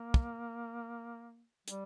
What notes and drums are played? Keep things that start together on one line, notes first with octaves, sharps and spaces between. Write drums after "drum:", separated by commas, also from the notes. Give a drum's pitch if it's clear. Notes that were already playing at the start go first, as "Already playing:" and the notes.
Already playing: A#3
drum: kick
G3, drum: hi-hat